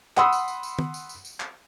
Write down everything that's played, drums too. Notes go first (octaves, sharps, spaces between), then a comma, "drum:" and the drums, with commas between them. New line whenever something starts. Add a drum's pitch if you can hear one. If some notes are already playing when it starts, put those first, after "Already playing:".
F#5 B5 C6 D#6 E6, drum: clap
drum: tambourine
drum: tambourine
drum: tambourine
drum: tom
drum: tambourine
drum: tambourine
drum: tambourine
drum: clap